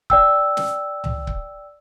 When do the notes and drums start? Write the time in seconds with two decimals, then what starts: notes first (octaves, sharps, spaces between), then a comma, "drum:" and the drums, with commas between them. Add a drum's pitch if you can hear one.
0.10 D5 G5 E6, drum: kick C#1
0.57 drum: snare
1.04 drum: tom C2
1.27 drum: kick C#1